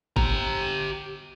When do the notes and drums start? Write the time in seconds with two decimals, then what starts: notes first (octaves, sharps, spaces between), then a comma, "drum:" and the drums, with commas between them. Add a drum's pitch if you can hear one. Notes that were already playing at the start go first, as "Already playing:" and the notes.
0.17 G4 A#5, drum: kick